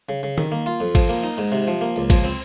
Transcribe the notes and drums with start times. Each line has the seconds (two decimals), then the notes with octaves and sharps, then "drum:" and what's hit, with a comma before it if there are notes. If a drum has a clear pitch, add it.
0.09 C#3
0.23 C#3
0.38 D#3, drum: tom D#3
0.52 A#3
0.66 F4
0.80 F2
0.95 F3, drum: kick, cymbal
1.09 A#3
1.23 D#4
1.38 G#2
1.52 C3
1.67 F3
1.81 A#3
1.96 C#2
2.10 F3, drum: kick, cymbal
2.24 C4